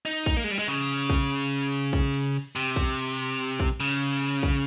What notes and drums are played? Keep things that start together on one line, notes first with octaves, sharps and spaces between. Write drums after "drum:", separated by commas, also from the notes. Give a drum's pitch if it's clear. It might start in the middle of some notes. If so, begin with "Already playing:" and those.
D#4, drum: cymbal
drum: kick A#1
A#3
G#3
G3
G#3
C#3
drum: cymbal
drum: kick A#1
drum: cymbal
drum: cymbal
drum: kick A#1
drum: cymbal
C3, drum: cymbal
drum: kick A#1
drum: cymbal
drum: cymbal
drum: kick A#1
C#3, drum: cymbal
drum: kick A#1